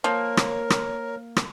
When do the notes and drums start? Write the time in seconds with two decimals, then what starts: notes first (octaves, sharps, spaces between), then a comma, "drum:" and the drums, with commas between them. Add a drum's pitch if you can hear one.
0.04 F3 A#3 A#4 C#5
0.37 drum: rim click
0.70 drum: rim click
1.37 drum: rim click